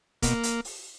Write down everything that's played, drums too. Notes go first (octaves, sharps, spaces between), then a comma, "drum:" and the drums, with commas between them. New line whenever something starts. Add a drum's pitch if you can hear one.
B2 A#3, drum: kick C#1, hi-hat
drum: hi-hat
drum: open hi-hat